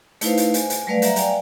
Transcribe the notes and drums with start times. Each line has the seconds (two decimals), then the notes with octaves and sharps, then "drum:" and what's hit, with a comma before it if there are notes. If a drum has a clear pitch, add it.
0.21 A3 D#4 E4 B4 C5 F5, drum: hi-hat
0.37 drum: hi-hat
0.54 G#5, drum: hi-hat
0.70 drum: hi-hat
0.87 F#3 G3 A3 B4 D5 F5
1.02 F#3 E5 F#5 A#5, drum: hi-hat
1.16 D5 F5 G5 G#5, drum: hi-hat